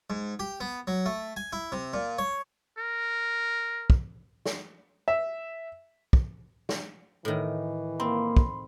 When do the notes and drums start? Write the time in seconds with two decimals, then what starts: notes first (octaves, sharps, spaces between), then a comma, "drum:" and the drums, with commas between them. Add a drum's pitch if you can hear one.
0.10 G#2
0.39 G4
0.60 B3
0.87 F#3
1.06 A3
1.37 G#5
1.53 E4
1.72 C3
1.93 A#2
2.18 C#5
2.78 A#4
3.90 drum: kick
4.46 drum: snare
5.08 E5
6.13 drum: kick
6.69 drum: snare
7.25 A2 D#3 E3
8.00 A#3 C4 B5 C6
8.37 drum: kick